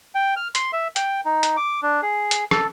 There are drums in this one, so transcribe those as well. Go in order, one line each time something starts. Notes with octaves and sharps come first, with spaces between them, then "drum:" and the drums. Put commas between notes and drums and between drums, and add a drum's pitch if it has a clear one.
G5
F6
C6, drum: hi-hat
E5
G5, drum: hi-hat
D#4
drum: hi-hat
D6
D4
G#4
drum: hi-hat
A4, drum: rim click